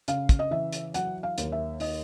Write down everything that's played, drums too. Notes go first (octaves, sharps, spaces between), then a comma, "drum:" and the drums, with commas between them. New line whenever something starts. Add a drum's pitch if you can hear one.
C#3 F5, drum: hi-hat
drum: kick, hi-hat
D#5
E3 E5
drum: hi-hat
F#3 F#5, drum: hi-hat
F5
D#2, drum: hi-hat
E5
D#3 D#5, drum: open hi-hat